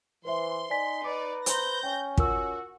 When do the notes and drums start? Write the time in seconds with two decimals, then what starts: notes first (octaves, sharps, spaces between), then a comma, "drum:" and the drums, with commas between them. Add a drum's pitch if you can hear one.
0.25 E3 B4 C5 E5 C6
0.70 D#4 D5 G#5 B6
1.04 D#4 B4 D5 D6
1.46 C5 A#5 C6 G6 A#6, drum: hi-hat
1.83 C#4 G5
2.17 F4 F#4 A#4 E6, drum: kick